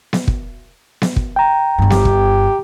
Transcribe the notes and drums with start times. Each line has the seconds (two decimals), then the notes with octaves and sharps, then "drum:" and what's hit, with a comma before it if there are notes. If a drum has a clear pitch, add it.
0.13 drum: snare B3
0.28 drum: kick
1.02 drum: snare B3
1.16 drum: kick
1.36 G5 A#5
1.78 G1 G2
1.90 G4, drum: snare B3
2.05 drum: kick